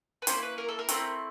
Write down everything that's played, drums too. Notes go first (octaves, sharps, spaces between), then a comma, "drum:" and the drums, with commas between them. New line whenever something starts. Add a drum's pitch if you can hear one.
B4
A#3 C#4 E4 C5, drum: hi-hat
B4
A#4
A4
A#4
A3 C4 E4, drum: hi-hat